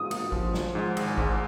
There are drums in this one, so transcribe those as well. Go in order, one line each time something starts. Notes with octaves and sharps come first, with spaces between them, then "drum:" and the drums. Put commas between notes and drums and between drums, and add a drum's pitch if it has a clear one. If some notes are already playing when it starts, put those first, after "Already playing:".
Already playing: G#2 D#6
A#3, drum: cymbal
F3, drum: kick A1
F3, drum: snare
G#2
G#1, drum: cymbal
G#2, drum: kick A1